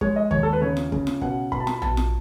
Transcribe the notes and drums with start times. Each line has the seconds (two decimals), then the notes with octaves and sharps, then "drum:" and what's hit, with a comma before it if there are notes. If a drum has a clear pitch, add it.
0.01 G#3 C#5, drum: kick
0.16 D#5
0.31 D#2 C#5, drum: kick
0.43 A4
0.53 B4
0.62 C#3 C#5
0.77 drum: snare F4
0.92 C#3, drum: kick
1.07 drum: snare F4
1.21 B2 F#5, drum: kick
1.52 B2 B5, drum: kick
1.60 A5
1.67 B5, drum: snare F4
1.82 B2 A5, drum: tom A#1
1.97 drum: snare F4